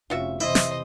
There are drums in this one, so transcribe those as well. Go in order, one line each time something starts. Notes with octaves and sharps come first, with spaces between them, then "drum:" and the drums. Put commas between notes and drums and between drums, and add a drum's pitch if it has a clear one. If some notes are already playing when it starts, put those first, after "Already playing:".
F1 C#4 F4 F#4 E5
C3 E3 E4 C5 D#5 E5
drum: snare